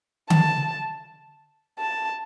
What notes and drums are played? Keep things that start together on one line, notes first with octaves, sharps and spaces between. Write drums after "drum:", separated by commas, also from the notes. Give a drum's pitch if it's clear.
A5, drum: tom D3
A5